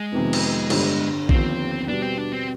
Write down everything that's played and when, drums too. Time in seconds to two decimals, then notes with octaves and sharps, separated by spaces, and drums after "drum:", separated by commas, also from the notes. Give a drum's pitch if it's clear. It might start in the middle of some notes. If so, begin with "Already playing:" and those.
Already playing: G#3
0.12 F2 C3 D#3 B3
0.33 drum: cymbal
0.70 G1 G2 D3, drum: cymbal
1.29 D#2 D3 F3 B3 C4 D4, drum: kick
1.88 B2 G3 B3 D4
2.02 C4
2.18 D4
2.33 C4